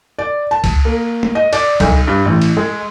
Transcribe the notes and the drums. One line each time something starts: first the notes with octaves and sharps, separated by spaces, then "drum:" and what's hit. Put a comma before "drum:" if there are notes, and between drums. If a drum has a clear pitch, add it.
D5
A5
drum: kick C#2, cymbal
A#3
drum: tom G#3
D#5
D5, drum: cymbal
B1, drum: kick C#2, cymbal
G2
A1
drum: cymbal
G#3